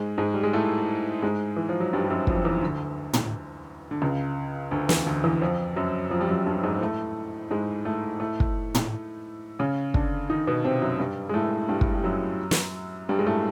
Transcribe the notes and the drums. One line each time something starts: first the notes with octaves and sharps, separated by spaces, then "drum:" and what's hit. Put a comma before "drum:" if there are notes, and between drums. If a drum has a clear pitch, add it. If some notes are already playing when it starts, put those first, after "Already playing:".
Already playing: G#2 G#3
G#2 G#3
G3
G#3
A2 A3
G#2 G#3
E3
F3
F#3
G2 G3
G3
F#2 F#3
F2 F3, drum: kick
E2 E3
D2 D3
drum: tom
D3
C#2 C#3
D2 D3
E2 E3, drum: snare
D2 D3
E2 E3
F2 F3
F#2 F#3
F2 F3
G3
F#2 F#3
G2 G3
G#2 G#3
A2 A3
G#2 G#3
A2 A3
A2 A3
drum: kick
drum: tom
C#3 C#4
D3 D4, drum: kick
D#3 D#4
B2 B3
C3 C4
F#2 F#3
G2 G3
G#3
A2 A3
G2 G3
drum: kick
G3
F#2 F#3
drum: snare
G2 G3
G#3
A2 A3